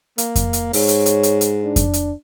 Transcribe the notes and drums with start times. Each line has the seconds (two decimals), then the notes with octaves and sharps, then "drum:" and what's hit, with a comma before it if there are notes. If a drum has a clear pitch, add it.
0.18 A#3, drum: hi-hat
0.36 drum: kick F2, hi-hat
0.53 drum: hi-hat
0.73 G#2 C#5, drum: open hi-hat
0.88 drum: hi-hat
1.06 drum: hi-hat
1.23 drum: hi-hat
1.41 drum: hi-hat
1.64 D4
1.76 drum: kick F2, hi-hat
1.93 drum: hi-hat